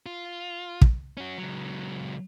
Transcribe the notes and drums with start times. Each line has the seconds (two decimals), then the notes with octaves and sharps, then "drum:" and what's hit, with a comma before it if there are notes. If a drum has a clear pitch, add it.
0.06 F4
0.81 drum: kick
1.17 C#4 F#4
1.38 C#2 F#3